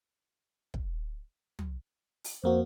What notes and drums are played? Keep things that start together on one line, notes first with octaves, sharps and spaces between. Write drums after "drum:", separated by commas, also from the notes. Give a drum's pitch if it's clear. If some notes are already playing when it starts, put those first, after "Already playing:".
drum: kick
drum: tom
drum: open hi-hat
F2 A#3 F#4 C5